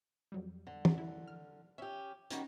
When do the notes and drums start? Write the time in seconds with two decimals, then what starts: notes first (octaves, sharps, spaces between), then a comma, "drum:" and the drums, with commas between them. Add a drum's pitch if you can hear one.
0.32 F2 F#3 G3
0.67 D3
0.85 drum: tom
0.98 E4
1.28 F6
1.78 C#4 G4 E5
2.31 D#3 G3 C#4 F#4 A#6, drum: hi-hat